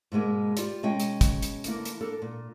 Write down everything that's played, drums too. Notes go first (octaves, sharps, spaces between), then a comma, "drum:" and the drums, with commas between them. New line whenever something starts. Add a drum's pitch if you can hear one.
G#2 B2 G#3 A#3
F4 G4 D5, drum: hi-hat
B2 G#3 C#4 D#4 D#5 G5
drum: hi-hat
drum: kick, hi-hat
drum: hi-hat
D3 E3 A#3, drum: hi-hat
drum: hi-hat
A#3 D4 A4 A#4
A#2